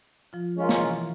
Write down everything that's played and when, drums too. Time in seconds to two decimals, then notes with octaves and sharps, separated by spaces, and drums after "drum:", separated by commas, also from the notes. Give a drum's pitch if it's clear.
0.33 F3 F4
0.57 G#3 C#4 F4 A#4
0.69 drum: snare
0.80 E3 E4